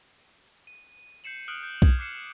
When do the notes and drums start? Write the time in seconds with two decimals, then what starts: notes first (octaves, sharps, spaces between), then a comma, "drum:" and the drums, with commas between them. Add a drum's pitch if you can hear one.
0.67 D#7
1.24 G6 C7 C#7 E7 F#7
1.48 D#6 F6 F#6 D7 F#7
1.63 G6
1.82 D#6 G#6, drum: kick B1
1.99 D6 F#6 C7 C#7 E7